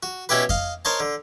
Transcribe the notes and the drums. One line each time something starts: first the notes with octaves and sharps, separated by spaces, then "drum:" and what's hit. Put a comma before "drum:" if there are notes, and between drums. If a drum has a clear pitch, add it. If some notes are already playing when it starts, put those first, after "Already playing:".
F#4
B2 C#4 E4 G4 B4
D#5 F5, drum: kick F2
A#4 C5 C#5 D#5 A5
D3